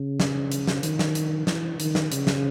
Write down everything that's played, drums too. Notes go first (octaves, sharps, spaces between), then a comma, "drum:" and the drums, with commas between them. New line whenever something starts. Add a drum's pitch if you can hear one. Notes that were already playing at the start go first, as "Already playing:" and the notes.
Already playing: C#3
drum: snare
drum: hi-hat
drum: snare
D#3, drum: hi-hat
drum: snare
drum: hi-hat
E3, drum: snare
D#3, drum: hi-hat
drum: snare
C#3, drum: hi-hat
drum: snare